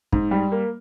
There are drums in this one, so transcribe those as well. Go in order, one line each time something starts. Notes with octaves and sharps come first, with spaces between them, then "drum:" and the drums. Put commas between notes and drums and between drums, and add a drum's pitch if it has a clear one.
G#2, drum: kick
G3
A#3